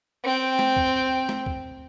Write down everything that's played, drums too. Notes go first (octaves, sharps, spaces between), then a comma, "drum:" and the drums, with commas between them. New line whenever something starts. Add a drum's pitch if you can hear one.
C4 G5
drum: snare
drum: kick
drum: snare
drum: kick